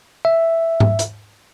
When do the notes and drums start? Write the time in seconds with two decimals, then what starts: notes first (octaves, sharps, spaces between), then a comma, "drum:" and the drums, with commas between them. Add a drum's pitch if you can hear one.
0.25 E5
0.80 drum: tom G#2
0.99 drum: hi-hat